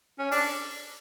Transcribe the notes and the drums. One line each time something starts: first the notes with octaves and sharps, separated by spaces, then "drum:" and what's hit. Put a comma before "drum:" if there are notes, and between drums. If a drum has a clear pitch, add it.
C#4
D4, drum: open hi-hat